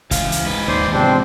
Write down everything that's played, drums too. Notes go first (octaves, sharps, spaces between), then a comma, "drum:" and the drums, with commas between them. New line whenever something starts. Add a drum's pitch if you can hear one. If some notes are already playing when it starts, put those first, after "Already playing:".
C#2 E3 F5, drum: kick, hi-hat
drum: hi-hat
G#2 B4
D#1 D#2 C5 D5 C6
E2 C3 F3 C4 D4 C5 G5